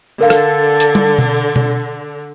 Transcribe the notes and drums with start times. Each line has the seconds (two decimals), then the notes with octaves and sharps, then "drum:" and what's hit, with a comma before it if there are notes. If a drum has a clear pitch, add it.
0.21 D3 A4 A#4 F5
0.30 drum: rim click
0.80 drum: hi-hat
0.95 drum: tom G3
1.18 drum: tom B2
1.56 drum: tom B2